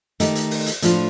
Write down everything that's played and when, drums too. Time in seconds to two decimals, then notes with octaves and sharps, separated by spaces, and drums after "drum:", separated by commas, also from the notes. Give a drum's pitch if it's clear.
0.20 D#3 A3 D#4 G4, drum: hi-hat
0.35 drum: hi-hat
0.51 drum: open hi-hat
0.66 drum: hi-hat
0.82 A2 F3 A3 D4 F4, drum: hi-hat